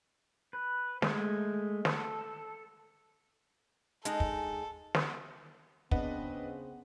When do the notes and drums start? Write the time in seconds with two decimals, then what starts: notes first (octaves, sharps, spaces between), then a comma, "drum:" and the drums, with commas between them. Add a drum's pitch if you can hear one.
0.53 B4
1.02 G#3 A3, drum: snare
1.85 A4, drum: snare
4.05 G#3 D#4 G#4 A4, drum: hi-hat
4.20 drum: kick
4.95 drum: snare
5.91 C#3 B3 C4 D4 B4 D#5 F#5, drum: kick